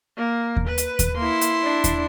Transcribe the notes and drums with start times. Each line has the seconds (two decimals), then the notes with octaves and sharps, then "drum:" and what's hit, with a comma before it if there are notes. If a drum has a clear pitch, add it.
0.17 A#3
0.57 drum: kick D#2
0.67 B4
0.78 drum: hi-hat
0.99 drum: kick D#2, hi-hat
1.17 A#3 E4 C6
1.41 drum: hi-hat
1.63 D4
1.84 drum: kick D#2, hi-hat